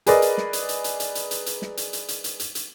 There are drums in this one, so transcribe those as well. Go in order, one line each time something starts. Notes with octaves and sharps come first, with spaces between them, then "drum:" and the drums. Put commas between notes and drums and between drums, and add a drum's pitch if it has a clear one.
G#4 A#4 B4 D5 D#5, drum: hi-hat
drum: hi-hat
drum: snare
drum: hi-hat
drum: hi-hat
drum: hi-hat
drum: hi-hat
drum: hi-hat
drum: hi-hat
drum: hi-hat
drum: snare
drum: hi-hat
drum: hi-hat
drum: hi-hat
drum: hi-hat
drum: hi-hat
drum: hi-hat